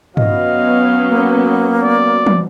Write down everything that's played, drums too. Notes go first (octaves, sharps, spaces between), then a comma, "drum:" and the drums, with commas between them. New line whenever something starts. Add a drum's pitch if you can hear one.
F#3 B3 C#4 D#5 F5, drum: tom
A#3
D5
drum: tom